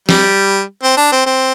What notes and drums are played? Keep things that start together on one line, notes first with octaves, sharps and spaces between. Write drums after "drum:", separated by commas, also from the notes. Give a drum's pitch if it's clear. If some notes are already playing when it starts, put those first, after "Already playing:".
G3, drum: snare
C4
D4
C4
C4